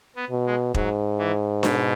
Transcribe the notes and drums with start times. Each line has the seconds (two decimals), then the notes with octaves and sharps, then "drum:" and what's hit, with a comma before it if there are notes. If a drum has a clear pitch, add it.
0.16 B3
0.31 B2
0.46 G#3
0.74 G#2 F#3, drum: kick
1.19 E3
1.63 B2, drum: snare D4